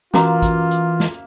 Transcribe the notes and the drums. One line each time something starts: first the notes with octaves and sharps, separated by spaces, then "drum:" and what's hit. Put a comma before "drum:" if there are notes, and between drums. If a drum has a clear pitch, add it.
E3 A#3 C#4 F4 F#4 E5 A#5, drum: snare
drum: kick, hi-hat
drum: hi-hat
drum: snare